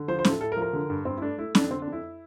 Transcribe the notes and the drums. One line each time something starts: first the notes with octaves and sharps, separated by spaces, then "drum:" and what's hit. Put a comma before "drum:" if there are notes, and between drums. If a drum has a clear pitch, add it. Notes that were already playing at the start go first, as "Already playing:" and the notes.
Already playing: D3
F3 C5
C5
A2, drum: snare C#4
A4
A2 A4
A#4
F3
A#4
D3
G2
G2 C4
E4
A3 D4
A3 E4
F2 D4, drum: snare C#4
D3 C4
D4
F2
E4